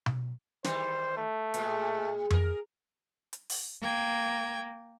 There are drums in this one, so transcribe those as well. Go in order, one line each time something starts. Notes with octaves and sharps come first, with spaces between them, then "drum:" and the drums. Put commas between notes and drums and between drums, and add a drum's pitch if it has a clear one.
drum: tom B2
D#3 E3 G3 C5, drum: snare
A3
A2 G#3, drum: hi-hat
G#4 A#4, drum: tom F2
drum: hi-hat
drum: open hi-hat
A#3 G5 G#6